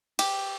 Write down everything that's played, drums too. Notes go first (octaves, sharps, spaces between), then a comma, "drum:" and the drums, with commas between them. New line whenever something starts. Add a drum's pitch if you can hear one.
G4, drum: cymbal